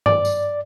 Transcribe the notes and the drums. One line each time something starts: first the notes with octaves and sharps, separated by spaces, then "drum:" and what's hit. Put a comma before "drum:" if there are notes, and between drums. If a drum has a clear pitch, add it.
D5, drum: tom G2
drum: tambourine